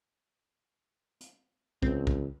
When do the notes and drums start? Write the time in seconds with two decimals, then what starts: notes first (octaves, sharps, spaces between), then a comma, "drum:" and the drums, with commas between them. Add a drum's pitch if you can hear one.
1.20 drum: hi-hat
1.82 C#2 C4, drum: kick
2.07 drum: kick